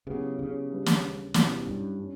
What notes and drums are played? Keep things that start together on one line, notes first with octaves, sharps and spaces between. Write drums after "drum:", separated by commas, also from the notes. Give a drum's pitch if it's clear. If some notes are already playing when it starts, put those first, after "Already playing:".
C#3 F#3 B3 E4 G4 B4
C#3
G3 D4 G4 B4
drum: snare
B2 F#3 C#4 E4 G4 B4, drum: snare
G2
G3 C#4